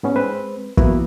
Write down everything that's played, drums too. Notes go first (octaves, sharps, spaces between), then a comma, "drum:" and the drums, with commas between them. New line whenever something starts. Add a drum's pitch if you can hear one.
G#2 B3 C#4
G#3 C4 B4 C5
E3 A#3 B3 E4 F#4, drum: kick